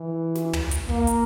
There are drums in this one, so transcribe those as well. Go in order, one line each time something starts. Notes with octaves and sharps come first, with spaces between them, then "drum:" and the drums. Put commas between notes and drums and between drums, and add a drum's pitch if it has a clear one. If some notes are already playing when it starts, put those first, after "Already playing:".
Already playing: E3
drum: snare
drum: tom
drum: kick, hi-hat
A#3, drum: kick
drum: hi-hat